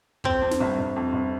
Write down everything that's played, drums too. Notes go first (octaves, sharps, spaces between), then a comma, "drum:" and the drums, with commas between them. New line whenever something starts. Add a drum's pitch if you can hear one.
F2 C4, drum: kick
F2
drum: snare
G1
G1
F2
G1